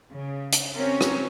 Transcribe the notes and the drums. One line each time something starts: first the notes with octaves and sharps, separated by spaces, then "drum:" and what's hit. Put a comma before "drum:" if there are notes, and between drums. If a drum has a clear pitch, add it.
C#3
drum: hi-hat
C4 C#4 G4 A#4 C#5
drum: rim click